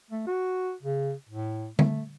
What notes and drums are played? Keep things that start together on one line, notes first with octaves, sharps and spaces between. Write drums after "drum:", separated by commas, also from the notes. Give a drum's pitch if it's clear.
A3
F#4
C#3
A2
A3, drum: tom D3